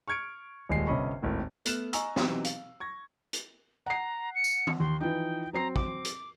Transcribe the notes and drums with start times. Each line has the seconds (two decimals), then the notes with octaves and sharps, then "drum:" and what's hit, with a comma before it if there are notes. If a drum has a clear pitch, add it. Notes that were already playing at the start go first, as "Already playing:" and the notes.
0.08 C#6 F6 G#6 C#7 D7
0.69 D#1 D#2 G#3 C7
0.87 G1 C3 C#4 D#5 B5 C#6
1.22 G#1 D#2 A2
1.65 A3 B3 F6 F#6 E7, drum: hi-hat
1.93 D#5 G#5 A#5 C#6 E6, drum: hi-hat
2.16 B2 E3 F#3 C4 D#4 G4, drum: snare
2.44 F5, drum: hi-hat
2.80 C#6 G#6 A#6
3.33 drum: hi-hat
3.86 F#5 A#5 C7
4.35 C#7
4.44 drum: tambourine
4.67 drum: tom
4.80 D#2 C6
5.00 E3 F3 D#4 G5
5.53 F#3 C4 A#5 C7
5.76 D6, drum: kick
6.05 drum: hi-hat